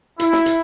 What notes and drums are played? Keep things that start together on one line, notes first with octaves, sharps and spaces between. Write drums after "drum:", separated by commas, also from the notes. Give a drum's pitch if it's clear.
E4, drum: hi-hat
drum: snare
drum: hi-hat